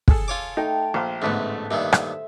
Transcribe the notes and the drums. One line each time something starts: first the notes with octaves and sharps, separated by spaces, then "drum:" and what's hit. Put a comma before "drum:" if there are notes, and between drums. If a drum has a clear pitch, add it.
G#4 A4, drum: kick
F4 C#5 D6
A3 D#4 G5
A#1 C5 F5
A1 G#2 D3 A3 B3
G2 A#2 D#3 E5
drum: rim click